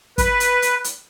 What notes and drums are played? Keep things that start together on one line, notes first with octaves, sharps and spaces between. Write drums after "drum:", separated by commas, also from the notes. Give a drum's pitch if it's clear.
B4, drum: kick, hi-hat
drum: hi-hat
drum: hi-hat
drum: hi-hat